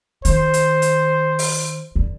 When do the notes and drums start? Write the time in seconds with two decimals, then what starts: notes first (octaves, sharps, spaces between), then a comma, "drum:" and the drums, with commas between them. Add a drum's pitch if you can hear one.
0.25 D#3 C5, drum: hi-hat
0.54 drum: hi-hat
0.82 drum: hi-hat
1.39 drum: open hi-hat
1.96 D3